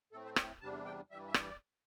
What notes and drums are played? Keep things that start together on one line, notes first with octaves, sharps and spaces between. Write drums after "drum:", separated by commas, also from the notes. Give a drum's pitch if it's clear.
A2 A3 C4 A4
C5
D5, drum: rim click
E2 C3 G3 D4 A5
G5
G2 E3 G3 E5
E5
D5, drum: rim click